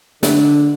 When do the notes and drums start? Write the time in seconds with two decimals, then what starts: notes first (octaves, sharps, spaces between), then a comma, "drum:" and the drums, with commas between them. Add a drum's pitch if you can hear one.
0.23 D3, drum: snare